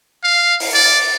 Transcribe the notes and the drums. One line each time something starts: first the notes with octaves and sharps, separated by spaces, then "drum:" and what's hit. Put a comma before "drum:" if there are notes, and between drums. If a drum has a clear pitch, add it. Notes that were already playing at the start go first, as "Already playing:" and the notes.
F5
drum: open hi-hat
D5